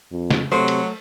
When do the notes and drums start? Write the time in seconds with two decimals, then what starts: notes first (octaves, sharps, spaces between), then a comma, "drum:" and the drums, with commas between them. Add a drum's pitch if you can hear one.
0.12 F2
0.31 drum: snare
0.52 C3 F#3 A3 C5
0.68 drum: cymbal